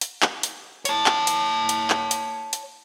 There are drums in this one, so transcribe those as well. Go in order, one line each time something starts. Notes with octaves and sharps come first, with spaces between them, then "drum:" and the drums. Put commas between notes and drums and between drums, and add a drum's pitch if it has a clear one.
drum: hi-hat
drum: clap
drum: hi-hat
C#5 A5, drum: hi-hat
drum: clap
drum: hi-hat
drum: hi-hat
drum: clap
drum: hi-hat
drum: hi-hat